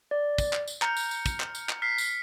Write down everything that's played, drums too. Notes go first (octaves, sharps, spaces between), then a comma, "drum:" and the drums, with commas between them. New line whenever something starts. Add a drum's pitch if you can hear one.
D5
drum: kick, tambourine
drum: clap
drum: tambourine
A#5 F6 G6 C#7, drum: clap
drum: tambourine
drum: tambourine
drum: kick, tambourine
drum: clap
drum: tambourine
drum: clap
F6 B6 C7
drum: tambourine